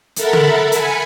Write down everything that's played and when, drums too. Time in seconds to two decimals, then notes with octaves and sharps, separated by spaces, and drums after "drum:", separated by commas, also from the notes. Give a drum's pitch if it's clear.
0.16 A4 A#4 E5 F#5 A5 B5, drum: hi-hat
0.33 drum: tom
0.72 G#5 B5 C#7, drum: hi-hat